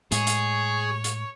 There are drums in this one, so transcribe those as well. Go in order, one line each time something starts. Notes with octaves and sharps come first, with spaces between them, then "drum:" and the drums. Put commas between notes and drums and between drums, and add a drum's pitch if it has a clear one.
A2 G#3 G#4 C#5, drum: hi-hat
drum: hi-hat
drum: hi-hat